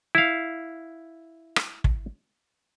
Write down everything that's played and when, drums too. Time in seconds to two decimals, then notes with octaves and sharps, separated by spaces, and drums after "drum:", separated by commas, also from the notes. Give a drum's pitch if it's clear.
0.15 E4 F5
1.56 drum: rim click
1.84 drum: kick